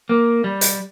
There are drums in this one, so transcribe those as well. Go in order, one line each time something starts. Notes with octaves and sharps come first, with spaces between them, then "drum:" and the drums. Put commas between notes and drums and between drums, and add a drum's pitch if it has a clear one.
A#3
G3
drum: hi-hat